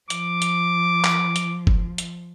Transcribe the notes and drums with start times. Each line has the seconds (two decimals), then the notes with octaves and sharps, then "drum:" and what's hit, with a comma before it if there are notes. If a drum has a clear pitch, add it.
0.10 F3 D6, drum: hi-hat
0.42 drum: hi-hat
1.04 drum: clap
1.36 drum: hi-hat
1.67 drum: kick F#1
1.98 drum: hi-hat